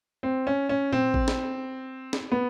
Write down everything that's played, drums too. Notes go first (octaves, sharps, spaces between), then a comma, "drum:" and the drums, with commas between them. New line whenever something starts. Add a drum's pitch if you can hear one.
C4
C#4
C#4
C4, drum: tom A#2
drum: kick A1
drum: snare
drum: snare
B3